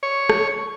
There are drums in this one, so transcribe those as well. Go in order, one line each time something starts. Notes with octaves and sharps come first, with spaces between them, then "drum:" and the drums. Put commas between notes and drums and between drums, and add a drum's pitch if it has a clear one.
C#5
drum: rim click